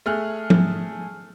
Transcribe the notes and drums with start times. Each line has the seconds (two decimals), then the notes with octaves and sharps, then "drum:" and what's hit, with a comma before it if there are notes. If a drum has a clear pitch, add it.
0.06 A3 G#4 F6 F#6
0.50 drum: tom